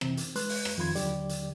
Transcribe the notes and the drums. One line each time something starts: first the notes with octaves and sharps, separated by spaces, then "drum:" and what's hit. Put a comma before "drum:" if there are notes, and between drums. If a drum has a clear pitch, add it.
C3 E3 C4, drum: rim click
drum: hi-hat
G#3 B4 C6 F#6, drum: hi-hat
drum: open hi-hat
drum: rim click
F2 D#3 F4 B5 C6 G#6
D#2 D3 F#3 G4 D5, drum: hi-hat
drum: hi-hat